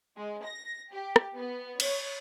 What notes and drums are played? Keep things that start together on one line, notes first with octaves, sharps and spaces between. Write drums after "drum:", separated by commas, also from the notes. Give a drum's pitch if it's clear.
G#3
A#6
G4
drum: rim click
B3
C#5, drum: cymbal